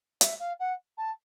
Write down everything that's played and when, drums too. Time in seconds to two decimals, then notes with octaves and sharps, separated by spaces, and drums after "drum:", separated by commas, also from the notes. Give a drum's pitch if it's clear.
0.21 E5, drum: hi-hat
0.39 F5
0.59 F#5
0.97 A5